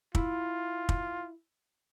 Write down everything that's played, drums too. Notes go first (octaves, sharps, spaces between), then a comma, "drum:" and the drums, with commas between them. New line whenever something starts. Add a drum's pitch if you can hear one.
E4 F4, drum: kick
drum: kick